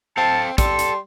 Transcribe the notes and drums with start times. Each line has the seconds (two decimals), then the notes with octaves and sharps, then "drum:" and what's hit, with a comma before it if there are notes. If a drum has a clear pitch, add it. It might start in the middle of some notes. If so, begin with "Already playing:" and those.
0.17 C4 A4 F5 A5
0.58 G3 A4 C6, drum: kick, hi-hat
0.79 drum: hi-hat